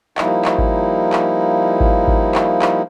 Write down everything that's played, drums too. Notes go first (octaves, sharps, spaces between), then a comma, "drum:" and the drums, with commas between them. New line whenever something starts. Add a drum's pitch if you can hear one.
F3 G3 A#3 D#4 E4, drum: clap
drum: clap
drum: kick G#1
drum: clap
drum: kick G#1
drum: kick G#1
drum: clap
drum: clap